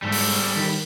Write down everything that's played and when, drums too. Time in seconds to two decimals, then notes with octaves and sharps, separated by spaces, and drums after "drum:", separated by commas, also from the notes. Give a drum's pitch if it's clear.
0.02 G#2 G3 A4
0.12 drum: open hi-hat
0.55 D#3